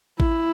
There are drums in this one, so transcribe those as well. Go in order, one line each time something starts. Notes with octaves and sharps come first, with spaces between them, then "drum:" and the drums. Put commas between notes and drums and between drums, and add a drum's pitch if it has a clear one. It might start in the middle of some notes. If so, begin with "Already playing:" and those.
E4, drum: kick A1